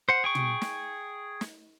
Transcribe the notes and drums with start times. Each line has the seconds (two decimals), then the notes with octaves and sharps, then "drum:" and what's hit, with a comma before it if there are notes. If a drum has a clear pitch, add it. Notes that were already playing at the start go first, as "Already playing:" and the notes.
0.09 C5 F#5
0.24 G#4 G5 C#6
0.35 drum: tom
0.61 drum: snare
1.41 drum: snare